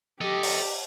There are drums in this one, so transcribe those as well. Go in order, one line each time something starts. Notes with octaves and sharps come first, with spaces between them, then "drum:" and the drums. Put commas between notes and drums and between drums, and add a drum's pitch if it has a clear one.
G4 A4 D#5
drum: open hi-hat